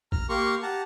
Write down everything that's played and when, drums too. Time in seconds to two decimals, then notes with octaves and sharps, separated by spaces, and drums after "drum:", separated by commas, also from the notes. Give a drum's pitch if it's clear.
0.12 A#5 F6, drum: kick A1
0.29 A#3 G4 A#4 A#5 C6 C#6
0.62 G4 F#5 A5 A#5